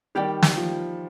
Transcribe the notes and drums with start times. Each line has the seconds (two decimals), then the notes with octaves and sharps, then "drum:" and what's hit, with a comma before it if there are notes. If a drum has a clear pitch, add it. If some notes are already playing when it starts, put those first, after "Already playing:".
0.15 D#3 G3 G4 D5 G5
0.43 drum: snare
0.56 F3